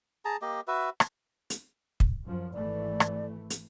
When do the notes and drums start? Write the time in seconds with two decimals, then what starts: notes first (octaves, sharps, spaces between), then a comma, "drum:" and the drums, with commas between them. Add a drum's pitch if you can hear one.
0.25 G#4 A5 A#5
0.42 A#3 G4 D#5
0.68 F#4 B4 E5
1.00 drum: rim click
1.50 drum: hi-hat
2.00 drum: kick
2.23 F#2 F3
2.54 G#1 E3 A3 D5
3.00 drum: rim click
3.50 drum: hi-hat